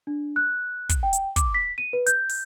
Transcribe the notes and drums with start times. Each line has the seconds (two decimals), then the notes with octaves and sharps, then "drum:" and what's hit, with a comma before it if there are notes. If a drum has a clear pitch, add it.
0.07 D4
0.36 F#6
0.89 drum: kick, hi-hat
1.03 G5
1.13 drum: hi-hat
1.36 D6, drum: kick, hi-hat
1.54 B6
1.78 D#7
1.93 B4
2.06 G6, drum: hi-hat
2.29 drum: open hi-hat